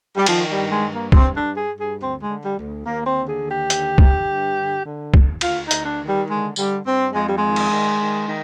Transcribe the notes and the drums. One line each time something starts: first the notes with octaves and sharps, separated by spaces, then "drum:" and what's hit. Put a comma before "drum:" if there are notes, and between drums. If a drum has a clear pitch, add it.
G3
D#3 F3, drum: cymbal
G3
G2
G#3
G2
A#3
G2 C4, drum: kick
D4
G2
G#4
G2
G#4
D2 C4
G#3
D3
G3
D2
D#2 A#3
C4
D3
G#4
D#2
G4
D3, drum: hi-hat
D3, drum: kick
G2
D3
D3
D#2, drum: kick
D2 F4, drum: cymbal
D#4
D2, drum: hi-hat
D4
D#3
G3
D3 G#3
D3 G3, drum: tambourine
G2 C4
F2 G#3
G3
G#3
D#3
drum: cymbal
D#3
D#3
D#3